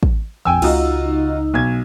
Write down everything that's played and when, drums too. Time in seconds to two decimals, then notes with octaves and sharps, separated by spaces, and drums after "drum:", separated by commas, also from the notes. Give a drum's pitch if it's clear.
0.03 drum: kick
0.45 A#1 F2 G5 G#5 E6
0.62 C#2 D#4 F4 F#4, drum: cymbal
1.54 B1 G#6